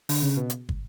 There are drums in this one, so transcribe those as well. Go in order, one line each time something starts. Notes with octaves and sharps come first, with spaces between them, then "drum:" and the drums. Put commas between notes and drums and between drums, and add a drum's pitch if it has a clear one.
D3, drum: open hi-hat
C#3
B2
drum: hi-hat
drum: kick